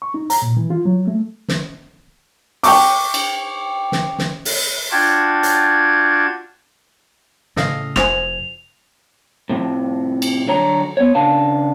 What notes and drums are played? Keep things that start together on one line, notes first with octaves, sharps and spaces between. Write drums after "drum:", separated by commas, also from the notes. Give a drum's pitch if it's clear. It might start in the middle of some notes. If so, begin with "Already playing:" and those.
C#6
D#4
A#5, drum: hi-hat
A#2
E3
F4
F#3
A3
drum: snare
G5 C#6 D6, drum: open hi-hat
drum: cymbal
drum: snare
drum: snare
drum: open hi-hat
D4 F4 F#4 G5 A5 G#6
drum: hi-hat
A2 C#3 A4 D#5 F5, drum: snare
F1 F#4 C5 G#5 F7, drum: rim click
A2 C3 F3
drum: cymbal
D3 F#3 C#5 A#5
B3 C#5
C#3 D4 B4 F5 A5